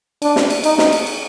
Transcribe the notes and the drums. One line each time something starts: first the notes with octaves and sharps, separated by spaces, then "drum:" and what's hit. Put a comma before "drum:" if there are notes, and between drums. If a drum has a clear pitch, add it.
D4, drum: cymbal
drum: snare
drum: cymbal
D#4, drum: cymbal
drum: snare
drum: cymbal
drum: cymbal